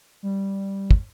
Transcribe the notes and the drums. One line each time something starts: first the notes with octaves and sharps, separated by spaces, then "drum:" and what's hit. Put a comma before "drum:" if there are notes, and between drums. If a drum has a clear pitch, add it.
G3
drum: kick